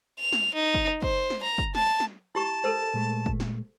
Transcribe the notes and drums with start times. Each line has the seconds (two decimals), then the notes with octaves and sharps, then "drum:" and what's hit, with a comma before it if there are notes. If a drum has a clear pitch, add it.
0.19 F7
0.33 drum: snare
0.54 D#4
0.74 drum: kick
1.02 C5, drum: kick
1.30 drum: snare
1.43 A#5
1.58 drum: kick
1.75 A5, drum: snare
2.00 drum: snare
2.35 E4 G4 A5 C#6
2.64 A4 A#4 C5
2.94 A#2 G#3 A3
3.26 drum: kick
3.40 drum: snare